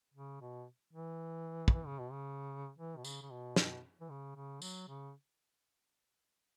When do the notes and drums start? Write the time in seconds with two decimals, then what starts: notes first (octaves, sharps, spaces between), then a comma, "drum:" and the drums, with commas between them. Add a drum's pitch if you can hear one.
0.14 C#3
0.41 B2
0.93 E3
1.68 C#3, drum: kick
1.72 E3
1.86 C#3
1.99 B2
2.12 C#3
2.78 E3
2.97 B2
3.05 C#3, drum: tambourine
3.22 C#3
3.31 B2
3.56 B2, drum: snare
4.01 E3
4.10 C#3
4.36 C#3
4.62 F#3, drum: tambourine
4.88 C#3